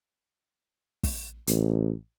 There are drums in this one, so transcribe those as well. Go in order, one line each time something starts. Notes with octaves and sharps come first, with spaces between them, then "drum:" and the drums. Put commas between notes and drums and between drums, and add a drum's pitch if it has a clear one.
drum: kick, open hi-hat
A1, drum: hi-hat